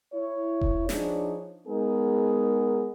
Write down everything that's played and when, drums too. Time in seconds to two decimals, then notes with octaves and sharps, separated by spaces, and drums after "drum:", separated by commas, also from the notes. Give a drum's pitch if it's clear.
0.13 E4 C#5
0.61 drum: kick E1
0.89 F3 D4 D#4 G#4 C#5, drum: snare
1.68 G#3 B3 D#4 G#4 A#4